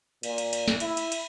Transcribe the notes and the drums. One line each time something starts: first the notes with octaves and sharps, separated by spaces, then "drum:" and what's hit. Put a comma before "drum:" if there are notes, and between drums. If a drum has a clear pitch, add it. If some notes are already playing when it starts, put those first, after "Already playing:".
A#2, drum: cymbal
drum: cymbal
drum: cymbal
drum: snare
E4, drum: cymbal
drum: cymbal
drum: cymbal